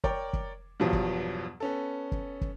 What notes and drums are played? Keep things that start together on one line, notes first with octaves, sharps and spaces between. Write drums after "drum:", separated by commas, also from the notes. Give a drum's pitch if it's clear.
A#4 C#5 D5 G5, drum: kick
drum: kick
E2 G2 B2 F3 F#3
drum: kick
B3 C#4 A4
drum: kick
drum: kick